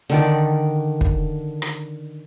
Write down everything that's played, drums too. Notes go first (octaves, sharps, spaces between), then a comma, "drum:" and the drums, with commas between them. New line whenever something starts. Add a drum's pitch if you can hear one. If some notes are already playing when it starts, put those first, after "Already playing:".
D3 D#3 D5
drum: kick
drum: rim click